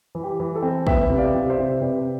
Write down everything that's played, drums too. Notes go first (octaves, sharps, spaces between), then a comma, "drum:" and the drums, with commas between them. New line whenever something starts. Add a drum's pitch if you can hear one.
E3
G4
E3
A4
C4
B3 E5 G5, drum: kick
C3
D5 F5
C3
C5 E5
C3
C3 B4 D5